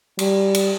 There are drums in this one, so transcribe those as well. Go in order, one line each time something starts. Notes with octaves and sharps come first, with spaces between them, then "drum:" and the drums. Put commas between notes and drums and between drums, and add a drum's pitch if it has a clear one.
G3, drum: cymbal
drum: cymbal